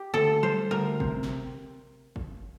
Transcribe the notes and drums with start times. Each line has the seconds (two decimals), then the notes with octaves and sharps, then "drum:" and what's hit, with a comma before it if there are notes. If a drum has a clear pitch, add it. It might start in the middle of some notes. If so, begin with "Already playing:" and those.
Already playing: G4
0.14 D2 A4
0.43 G3 C5
0.71 D2 A#4
1.00 C3, drum: kick
1.23 drum: snare
2.16 drum: kick